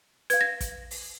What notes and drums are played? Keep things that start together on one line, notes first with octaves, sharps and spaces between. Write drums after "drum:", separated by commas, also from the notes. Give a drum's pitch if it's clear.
B4 F5 G#6, drum: hi-hat
A#6
drum: kick, hi-hat
drum: open hi-hat